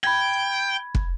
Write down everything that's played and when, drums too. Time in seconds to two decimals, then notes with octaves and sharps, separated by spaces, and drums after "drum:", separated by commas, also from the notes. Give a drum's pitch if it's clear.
0.04 G5 B5 G#6
0.95 drum: kick